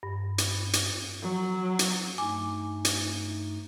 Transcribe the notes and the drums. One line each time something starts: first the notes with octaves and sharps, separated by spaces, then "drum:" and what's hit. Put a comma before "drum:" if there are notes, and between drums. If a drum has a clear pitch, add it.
G2
drum: hi-hat
drum: hi-hat
F#3
drum: hi-hat
G2 A3 D#4 G#5 D6
drum: hi-hat